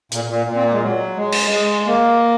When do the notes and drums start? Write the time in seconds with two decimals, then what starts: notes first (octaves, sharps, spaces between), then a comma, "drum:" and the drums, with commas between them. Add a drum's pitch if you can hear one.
0.12 A#2, drum: hi-hat
0.29 A#2
0.46 A#2
0.55 C4
0.64 A#3
0.73 G#3
0.82 F#3
1.16 G#3
1.32 drum: cymbal
1.51 G#3
1.86 A#3